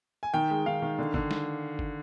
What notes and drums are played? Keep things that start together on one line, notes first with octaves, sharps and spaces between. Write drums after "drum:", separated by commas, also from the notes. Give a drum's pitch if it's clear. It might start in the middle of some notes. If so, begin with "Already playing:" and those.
G#5
D#3 G5
G#3
D#3 F5
D#3
D3
D3, drum: kick G1
drum: snare
drum: kick G1